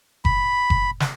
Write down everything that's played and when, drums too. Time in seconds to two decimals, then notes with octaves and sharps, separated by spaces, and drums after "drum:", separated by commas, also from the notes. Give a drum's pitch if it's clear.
0.25 B5, drum: kick F#1
0.70 drum: kick F#1
1.00 drum: snare